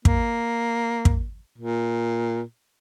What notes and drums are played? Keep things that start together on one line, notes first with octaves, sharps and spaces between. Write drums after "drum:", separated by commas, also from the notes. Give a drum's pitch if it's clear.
A#3, drum: kick
drum: kick
A#2